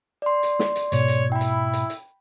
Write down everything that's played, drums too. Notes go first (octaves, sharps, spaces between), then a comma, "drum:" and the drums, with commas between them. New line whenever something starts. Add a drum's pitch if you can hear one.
D5 C6
drum: hi-hat
drum: snare
drum: hi-hat
G#2 B2 C#5, drum: hi-hat
drum: hi-hat
E4 G5 B5
drum: hi-hat
drum: hi-hat
drum: hi-hat